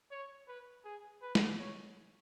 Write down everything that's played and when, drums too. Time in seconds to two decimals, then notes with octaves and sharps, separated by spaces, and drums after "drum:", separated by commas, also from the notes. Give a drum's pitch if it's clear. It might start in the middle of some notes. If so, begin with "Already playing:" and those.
0.11 C#5
0.48 B4
0.85 G#4
1.22 B4
1.35 drum: snare
1.59 C#5